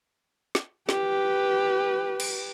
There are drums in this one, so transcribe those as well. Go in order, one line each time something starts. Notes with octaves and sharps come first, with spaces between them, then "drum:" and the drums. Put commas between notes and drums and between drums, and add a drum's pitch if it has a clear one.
drum: snare
G4 B4, drum: snare
drum: cymbal